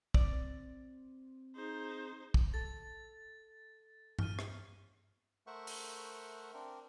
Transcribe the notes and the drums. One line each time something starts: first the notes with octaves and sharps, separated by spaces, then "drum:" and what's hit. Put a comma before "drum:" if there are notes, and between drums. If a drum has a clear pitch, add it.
C4 D5, drum: kick
D#4 G#4 C5
drum: kick
A4 A6
F6 D#7, drum: tom G2
drum: rim click
A3 A#4 C5 E5 F#5 C#6
drum: open hi-hat
C4 D4 A#4